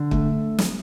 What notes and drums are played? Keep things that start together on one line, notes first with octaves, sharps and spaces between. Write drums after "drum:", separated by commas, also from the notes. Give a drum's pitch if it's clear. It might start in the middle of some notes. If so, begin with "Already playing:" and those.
Already playing: D3
A3, drum: kick
drum: snare